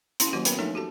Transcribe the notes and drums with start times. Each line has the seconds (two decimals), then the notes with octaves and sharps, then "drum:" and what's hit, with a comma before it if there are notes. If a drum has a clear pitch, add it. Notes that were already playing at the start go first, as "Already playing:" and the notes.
0.20 C#4 E4 A#5 C6, drum: hi-hat
0.33 D#3 F#3 A#3 F#4 G4 D#5
0.45 B3 A#4 B4 G5 G#5 B5, drum: hi-hat
0.59 F3 A3 D4 D#4 A4 A#4
0.75 F#4 G4 A4 A5